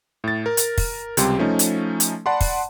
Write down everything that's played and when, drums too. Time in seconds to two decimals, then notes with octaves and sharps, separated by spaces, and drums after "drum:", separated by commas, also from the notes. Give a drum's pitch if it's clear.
0.24 A2 A6
0.46 A#4
0.57 drum: hi-hat
0.78 drum: kick, open hi-hat
1.17 C#2 C3 G3 C4 G4 C6, drum: hi-hat
1.39 F3 A3 C#4 D#4
1.59 drum: hi-hat
2.00 drum: hi-hat
2.26 D5 F#5 A5 B5 C6
2.41 drum: kick, open hi-hat